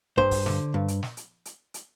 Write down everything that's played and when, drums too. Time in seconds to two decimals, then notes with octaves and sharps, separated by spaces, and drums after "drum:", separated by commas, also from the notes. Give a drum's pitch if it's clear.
0.17 G2 C5, drum: kick
0.31 drum: kick, open hi-hat
0.46 D3, drum: snare
0.74 G2
0.88 drum: hi-hat
1.03 drum: snare
1.17 drum: hi-hat
1.45 drum: hi-hat
1.74 drum: hi-hat